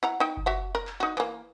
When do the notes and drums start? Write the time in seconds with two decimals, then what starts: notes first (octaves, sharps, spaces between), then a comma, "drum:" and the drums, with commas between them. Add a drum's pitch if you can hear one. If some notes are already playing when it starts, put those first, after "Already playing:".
0.03 E4 F#5 A#5
0.20 D#4 G5
0.37 drum: kick F#1
0.46 F#4 E5 F#5
0.75 A#4
0.87 drum: clap
1.00 D#4 F#4
1.17 E3 A#3